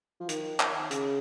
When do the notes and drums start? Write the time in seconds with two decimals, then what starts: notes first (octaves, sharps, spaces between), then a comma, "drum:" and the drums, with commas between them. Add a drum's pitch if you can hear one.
0.20 F3
0.29 D#3, drum: hi-hat
0.60 drum: clap
0.91 C#3, drum: hi-hat